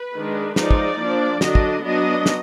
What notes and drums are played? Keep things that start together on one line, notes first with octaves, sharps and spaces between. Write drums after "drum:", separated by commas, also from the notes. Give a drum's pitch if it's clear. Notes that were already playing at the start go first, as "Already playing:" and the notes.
Already playing: B4
D#3 G#3 D4
F3 G#3 D#4 D5, drum: snare
drum: kick
F3 A#3 D4
D3 F#3 D4 D#5, drum: snare
drum: kick
F#3 B3 D4 D#5
drum: snare